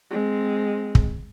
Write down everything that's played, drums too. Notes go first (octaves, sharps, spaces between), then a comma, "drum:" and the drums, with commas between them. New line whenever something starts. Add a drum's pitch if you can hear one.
G#3 C4
drum: kick